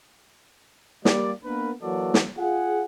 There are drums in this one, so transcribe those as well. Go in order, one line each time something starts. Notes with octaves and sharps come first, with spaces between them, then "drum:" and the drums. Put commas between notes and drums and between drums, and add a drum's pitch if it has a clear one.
G3 A#3 D5, drum: snare
A#3 B3 D4 A#4 B4
E3 F#3 A#3 F#4 A4 D5
drum: snare
F4 G#4 F#5